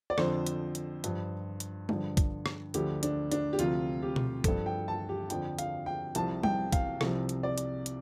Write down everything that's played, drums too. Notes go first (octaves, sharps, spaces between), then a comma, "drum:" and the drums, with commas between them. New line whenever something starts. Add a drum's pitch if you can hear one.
D5
F2 D3 F3 C5, drum: rim click
drum: hi-hat
drum: hi-hat
G2 F3, drum: hi-hat
drum: hi-hat
G2 D3 F3, drum: tom G3
drum: kick, hi-hat
drum: rim click
D2 D3 F3 G4, drum: hi-hat
D4, drum: hi-hat
D4, drum: hi-hat
G4
D2 C3 F3 F4, drum: hi-hat
G4
drum: tom B2
G2 F3 A4, drum: kick, hi-hat
G5
A5
G4
F2 D3 F3 G5, drum: hi-hat
F5, drum: hi-hat
G5
C2 C3 F3 A5, drum: hi-hat
G5, drum: tom G3
F5, drum: kick, hi-hat
C2 C3 F3, drum: rim click
drum: hi-hat
D5
drum: hi-hat
drum: hi-hat